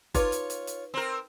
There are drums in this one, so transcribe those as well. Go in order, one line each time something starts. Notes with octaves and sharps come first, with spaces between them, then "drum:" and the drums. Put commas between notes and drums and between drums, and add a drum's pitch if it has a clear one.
D#4 F4 G#4 B4 C#5, drum: kick G1, hi-hat
drum: hi-hat
drum: hi-hat
drum: hi-hat
C4 A#4